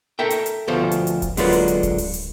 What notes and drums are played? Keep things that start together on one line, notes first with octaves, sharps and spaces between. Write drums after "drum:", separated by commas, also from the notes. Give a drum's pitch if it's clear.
A4 A#4 E5 G5
drum: hi-hat
drum: hi-hat
D2 B2 F3 A4 C5
drum: hi-hat
drum: hi-hat
drum: kick D1, hi-hat
D3 F#3 G#3 A#3 F4 B4, drum: open hi-hat
drum: hi-hat
drum: hi-hat
drum: kick D1, hi-hat
drum: open hi-hat
drum: hi-hat